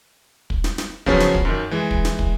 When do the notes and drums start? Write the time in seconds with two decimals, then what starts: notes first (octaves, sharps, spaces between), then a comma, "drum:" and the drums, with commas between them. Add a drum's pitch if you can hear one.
0.50 drum: kick
0.64 drum: snare
0.78 drum: snare
1.06 C#3 F3 F#3 B3 C#4, drum: kick
1.20 drum: snare
1.34 drum: kick
1.45 F#2 D#3
1.71 E3 G#3
1.91 drum: kick
2.05 drum: snare
2.19 drum: kick